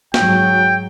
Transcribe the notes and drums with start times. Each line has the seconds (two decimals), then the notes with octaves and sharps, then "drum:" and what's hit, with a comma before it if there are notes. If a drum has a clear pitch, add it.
0.14 G#2 F#3 G5, drum: snare